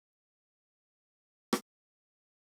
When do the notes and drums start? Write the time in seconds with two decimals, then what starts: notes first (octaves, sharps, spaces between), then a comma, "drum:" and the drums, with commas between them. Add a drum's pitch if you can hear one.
0.21 C5 C#5 A#5 D#6 G#6
1.53 drum: rim click